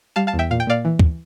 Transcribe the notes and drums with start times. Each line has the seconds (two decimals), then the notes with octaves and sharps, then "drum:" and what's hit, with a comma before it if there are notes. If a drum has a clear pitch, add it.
0.16 G3 F5 A5
0.27 F5 A5
0.33 E2
0.39 E5 G5
0.51 A#2 F5
0.60 G5
0.67 A#2 D5 F5
0.85 E3
0.99 drum: kick